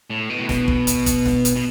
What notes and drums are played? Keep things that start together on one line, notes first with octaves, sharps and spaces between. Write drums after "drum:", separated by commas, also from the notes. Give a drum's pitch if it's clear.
A2
B2
A2
B2, drum: snare E1
drum: kick G1
drum: hi-hat
drum: kick G1, hi-hat
drum: snare E1
drum: hi-hat
B2